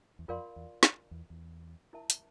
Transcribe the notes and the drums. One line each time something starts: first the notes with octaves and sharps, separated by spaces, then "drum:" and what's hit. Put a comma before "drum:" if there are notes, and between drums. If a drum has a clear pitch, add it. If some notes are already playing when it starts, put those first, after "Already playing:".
E2
F2 F4 A#4 D5 F5 C6
E2
drum: snare
E2
E2
E4 A#4 E5 A5
drum: hi-hat